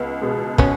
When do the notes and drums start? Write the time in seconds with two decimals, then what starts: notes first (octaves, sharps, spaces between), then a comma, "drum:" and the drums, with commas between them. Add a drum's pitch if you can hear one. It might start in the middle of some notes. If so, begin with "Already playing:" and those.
Already playing: C#2 B3
0.21 B2 G#3
0.58 B3 C#4, drum: kick